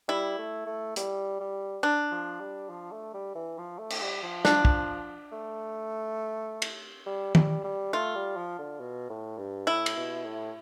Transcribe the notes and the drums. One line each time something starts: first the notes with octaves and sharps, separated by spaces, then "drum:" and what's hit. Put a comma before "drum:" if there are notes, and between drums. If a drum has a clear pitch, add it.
G3 E4
A3
A3
G3, drum: hi-hat
G3
D4
F3
G3
F3
A3
G3
E3
F3
A3
drum: cymbal
G3
F3
D4, drum: snare
drum: kick
A3
drum: cymbal
G3
G3, drum: tom
G3
A3 F4
G3
F3
D3
B2
A2
G2
A2 E4
drum: cymbal
B2
A2